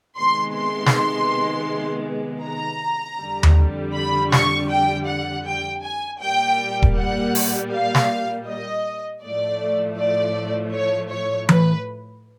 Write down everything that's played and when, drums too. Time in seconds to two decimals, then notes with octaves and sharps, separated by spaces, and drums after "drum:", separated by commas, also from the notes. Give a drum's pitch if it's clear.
0.17 C3 D#3 G#3 B3 C6
0.55 C6
0.86 drum: snare
2.44 A#5
3.20 F2 D3 G3
3.43 drum: tom D#2
3.95 B5
4.32 C#6, drum: snare
4.70 G5
5.07 F#5
5.46 G5
5.83 G#5
6.21 A#2 G3 A#3 G5
6.82 drum: kick D#1
6.97 F#5
7.35 drum: open hi-hat
7.72 F5
7.95 drum: snare
8.48 D#5
9.23 A2 F3 A3 D5
9.98 D5
10.74 C#5
11.10 C#5
11.49 B4, drum: tom E3